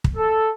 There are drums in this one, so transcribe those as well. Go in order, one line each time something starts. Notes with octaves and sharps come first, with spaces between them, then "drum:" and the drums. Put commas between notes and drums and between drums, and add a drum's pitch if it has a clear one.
drum: kick
A4